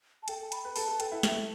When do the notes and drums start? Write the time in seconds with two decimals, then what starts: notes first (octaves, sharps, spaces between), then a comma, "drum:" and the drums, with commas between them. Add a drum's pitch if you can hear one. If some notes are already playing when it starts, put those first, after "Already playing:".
0.23 A5
0.28 A4 G5, drum: hi-hat
0.52 B5, drum: hi-hat
0.64 B4
0.76 A4 A5, drum: open hi-hat
0.88 A4
1.00 A4 G5, drum: hi-hat
1.12 E4
1.23 A3 E5, drum: snare